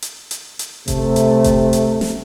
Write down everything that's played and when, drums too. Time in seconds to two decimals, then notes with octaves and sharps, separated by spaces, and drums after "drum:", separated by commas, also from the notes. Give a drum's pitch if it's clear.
0.02 drum: hi-hat
0.31 drum: hi-hat
0.59 drum: hi-hat
0.88 C3 A3, drum: kick F#1, hi-hat
1.16 drum: hi-hat
1.44 drum: kick F#1, hi-hat
1.73 drum: hi-hat
2.01 drum: snare